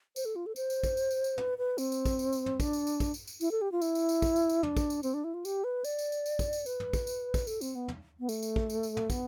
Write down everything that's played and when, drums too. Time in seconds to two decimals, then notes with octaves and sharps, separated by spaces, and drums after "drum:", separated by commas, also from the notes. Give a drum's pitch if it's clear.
0.16 C5, drum: tambourine
0.25 A4
0.36 F4
0.46 A4
0.56 C5, drum: tambourine
0.70 drum: tambourine
0.83 drum: kick, tambourine
0.97 drum: tambourine
1.11 drum: tambourine
1.24 drum: tambourine
1.38 B4, drum: tom
1.58 B4
1.78 C4, drum: tambourine
1.92 drum: tambourine
2.05 drum: kick, tambourine
2.19 drum: tambourine
2.33 drum: tambourine
2.46 drum: tom
2.60 D4, drum: kick, tambourine
2.73 drum: tambourine
2.87 drum: tambourine
3.00 drum: kick, tambourine
3.14 drum: tambourine
3.27 drum: tambourine
3.41 E4, drum: tambourine
3.51 A4
3.62 G4
3.72 F4
3.82 E4, drum: tambourine
3.95 drum: tambourine
4.09 drum: tambourine
4.22 drum: kick, tambourine
4.36 drum: tambourine
4.49 drum: tambourine
4.63 D4, drum: tom
4.77 drum: kick, tambourine
4.90 drum: tambourine
5.03 C4, drum: tambourine
5.14 D4
5.24 E4
5.34 F4
5.45 G4, drum: tambourine
5.64 B4
5.84 D5, drum: tambourine
5.99 drum: tambourine
6.12 drum: tambourine
6.26 drum: tambourine
6.39 drum: kick, tambourine
6.53 drum: tambourine
6.66 B4, drum: tambourine
6.80 drum: tom
6.93 drum: kick, tambourine
7.07 drum: tambourine
7.34 drum: kick, tambourine
7.47 A4, drum: tambourine
7.61 C4, drum: tambourine
7.75 B3
7.88 drum: tom
8.20 B3
8.29 A3, drum: tambourine
8.43 drum: tambourine
8.56 drum: kick
8.70 drum: tambourine
8.83 drum: tambourine
8.97 drum: tom
9.10 B3, drum: kick, tambourine